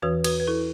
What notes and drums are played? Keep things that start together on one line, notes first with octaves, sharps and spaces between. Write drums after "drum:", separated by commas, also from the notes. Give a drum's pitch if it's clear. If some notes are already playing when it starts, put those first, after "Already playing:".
E2 E3 F#4 B4
F#4 B4, drum: cymbal
B4
E4 A4